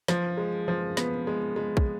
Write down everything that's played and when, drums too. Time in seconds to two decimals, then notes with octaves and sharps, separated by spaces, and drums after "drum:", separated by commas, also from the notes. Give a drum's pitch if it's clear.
0.08 F3, drum: snare
0.37 G#3
0.68 F3
0.97 B3, drum: snare
1.27 G#3
1.56 G#3
1.77 drum: kick